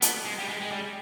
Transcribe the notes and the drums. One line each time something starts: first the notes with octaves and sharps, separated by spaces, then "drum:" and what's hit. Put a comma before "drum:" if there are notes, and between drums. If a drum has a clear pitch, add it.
B3, drum: hi-hat
G#3
G3
G#3
G#3
G3